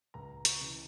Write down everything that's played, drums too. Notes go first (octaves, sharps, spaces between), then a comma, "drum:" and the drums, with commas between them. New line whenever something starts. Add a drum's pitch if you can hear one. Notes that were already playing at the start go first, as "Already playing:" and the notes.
C#2 A#5
C#6, drum: hi-hat
C#3 E3